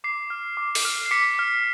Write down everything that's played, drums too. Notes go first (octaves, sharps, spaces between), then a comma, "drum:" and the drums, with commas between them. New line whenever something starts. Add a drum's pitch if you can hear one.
D6 C7
F6
D6
drum: open hi-hat
F6
C7
D6 B6 C#7
F6